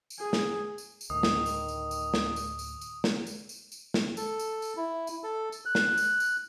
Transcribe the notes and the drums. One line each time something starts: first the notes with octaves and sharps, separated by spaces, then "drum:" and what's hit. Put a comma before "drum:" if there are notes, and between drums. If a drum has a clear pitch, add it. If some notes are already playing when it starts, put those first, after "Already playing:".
drum: tambourine
G#4
drum: snare
drum: tambourine
drum: tambourine
D2 A2 D#3 D#6
drum: snare
drum: tambourine
drum: tambourine
drum: tambourine
drum: snare
drum: tambourine
drum: tambourine
drum: tambourine
drum: snare
drum: tambourine
drum: tambourine
drum: tambourine
drum: snare
A4, drum: tambourine
drum: tambourine
drum: tambourine
E4
drum: tambourine
A4
drum: tambourine
F#6
drum: snare
drum: tambourine
drum: tambourine